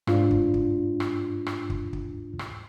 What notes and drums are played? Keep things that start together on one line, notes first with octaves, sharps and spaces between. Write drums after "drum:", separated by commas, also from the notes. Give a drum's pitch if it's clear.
G#2 D4 F4, drum: rim click
drum: kick
drum: kick
drum: rim click
drum: rim click
drum: kick
drum: kick
drum: rim click